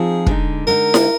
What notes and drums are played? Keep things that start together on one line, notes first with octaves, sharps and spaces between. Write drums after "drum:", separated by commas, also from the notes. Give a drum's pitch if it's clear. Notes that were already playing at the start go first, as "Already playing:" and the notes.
Already playing: F3 C4 D#4 G#4
D3 G#3 D#4, drum: kick
D3 G#3 D#4 A#4
drum: snare E4